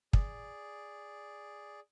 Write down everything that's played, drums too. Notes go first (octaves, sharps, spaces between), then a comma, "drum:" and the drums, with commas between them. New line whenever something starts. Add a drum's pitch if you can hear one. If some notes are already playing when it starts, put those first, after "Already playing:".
G#4 D5, drum: kick